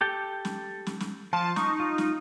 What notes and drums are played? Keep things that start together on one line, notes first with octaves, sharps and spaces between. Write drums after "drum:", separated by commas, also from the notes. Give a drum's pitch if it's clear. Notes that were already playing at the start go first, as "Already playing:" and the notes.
G4 A4 G5
drum: snare
drum: snare
drum: snare
F3 F4 A5
D#4 C#6, drum: snare
F4
drum: snare